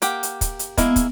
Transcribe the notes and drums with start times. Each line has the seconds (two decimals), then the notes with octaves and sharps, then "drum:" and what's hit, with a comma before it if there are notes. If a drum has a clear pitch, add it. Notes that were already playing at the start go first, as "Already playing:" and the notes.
0.02 A#3 G4 F#5, drum: hi-hat
0.23 drum: hi-hat
0.41 drum: kick, hi-hat
0.59 drum: hi-hat
0.78 G#3 A#3 B3 E4, drum: kick, hi-hat
0.96 drum: kick, hi-hat